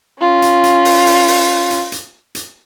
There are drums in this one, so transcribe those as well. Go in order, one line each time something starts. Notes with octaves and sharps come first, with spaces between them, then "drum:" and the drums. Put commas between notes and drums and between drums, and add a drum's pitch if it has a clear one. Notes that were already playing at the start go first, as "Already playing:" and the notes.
C#4 F4
drum: hi-hat
drum: hi-hat
drum: open hi-hat
drum: open hi-hat
drum: open hi-hat
drum: hi-hat
drum: hi-hat
drum: hi-hat